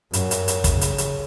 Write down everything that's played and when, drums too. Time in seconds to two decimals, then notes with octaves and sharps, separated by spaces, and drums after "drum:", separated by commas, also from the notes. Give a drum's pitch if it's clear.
0.13 F#2, drum: hi-hat
0.31 drum: hi-hat
0.48 drum: hi-hat
0.64 C#3, drum: kick, hi-hat
0.81 drum: hi-hat
0.98 drum: hi-hat